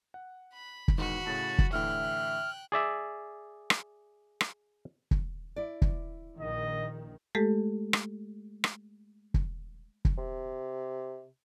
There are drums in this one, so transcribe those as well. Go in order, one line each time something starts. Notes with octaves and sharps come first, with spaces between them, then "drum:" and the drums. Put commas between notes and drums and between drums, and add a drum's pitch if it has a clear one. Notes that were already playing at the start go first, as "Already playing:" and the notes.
F#5
B5
drum: kick
E2 G#2 D#3 F#4 B5
A2 C#3 A5
drum: kick
A2 D3 E3 E5 G5 F6 F#6
G#4 D5 E5
drum: rim click
drum: rim click
drum: kick
E4 D5
drum: kick
A#1 D#3 D#5
G#3 A3 G4 A4
drum: rim click
drum: rim click
drum: kick
drum: kick
C3